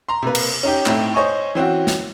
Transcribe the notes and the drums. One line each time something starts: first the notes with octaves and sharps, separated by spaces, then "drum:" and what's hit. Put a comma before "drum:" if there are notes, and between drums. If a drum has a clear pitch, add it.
A#5 C6
C3 A#3 B4
drum: cymbal
C#4 D#4 G4
A2 C4 D#4 E4, drum: clap
C5 C#5 D#5 G#5 C#6
E3 C4 C#4 F#4
drum: snare